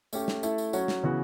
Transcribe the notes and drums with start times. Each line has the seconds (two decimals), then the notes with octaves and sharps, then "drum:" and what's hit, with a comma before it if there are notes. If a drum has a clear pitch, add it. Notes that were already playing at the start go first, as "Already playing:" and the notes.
0.13 A3 C#4 G4, drum: tambourine
0.28 drum: snare
0.43 A3 E4 A4, drum: tambourine
0.58 drum: tambourine
0.73 F#3 C#4 F#4 C#5, drum: tambourine
0.88 drum: snare
1.03 C#3 E3 B3 F#4